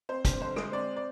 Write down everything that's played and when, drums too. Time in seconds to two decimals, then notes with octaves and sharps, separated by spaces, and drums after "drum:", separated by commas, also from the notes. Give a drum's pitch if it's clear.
0.09 C4 C5
0.25 G2, drum: kick, hi-hat
0.41 D3 C5
0.56 G#3, drum: rim click
0.72 C4 D5
0.96 D5